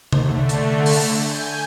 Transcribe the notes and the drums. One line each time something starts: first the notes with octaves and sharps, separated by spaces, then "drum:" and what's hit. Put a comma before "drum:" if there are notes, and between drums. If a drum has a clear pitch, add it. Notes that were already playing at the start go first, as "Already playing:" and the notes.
D3 A3, drum: tom C3
drum: hi-hat
drum: open hi-hat
G#5 G6